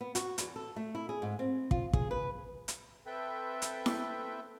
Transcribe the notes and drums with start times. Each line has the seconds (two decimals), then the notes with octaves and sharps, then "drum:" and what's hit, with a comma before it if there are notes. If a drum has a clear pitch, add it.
0.01 B3
0.15 F#4, drum: hi-hat
0.38 E2, drum: hi-hat
0.56 A4
0.76 A3
0.95 E4
1.09 G#4
1.22 G#2
1.39 C4
1.71 F4, drum: kick
1.93 G#4, drum: kick
2.11 B4
2.68 drum: hi-hat
3.06 C4 A4 B4 E5 G5
3.62 drum: hi-hat
3.86 drum: snare E4